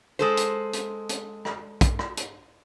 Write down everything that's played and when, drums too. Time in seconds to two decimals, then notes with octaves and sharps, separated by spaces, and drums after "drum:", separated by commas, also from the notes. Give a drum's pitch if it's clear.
0.19 G#3 A4 C5
0.37 drum: hi-hat
0.73 drum: hi-hat
1.09 drum: hi-hat
1.45 drum: rim click
1.81 drum: kick, hi-hat
1.99 drum: rim click
2.17 drum: hi-hat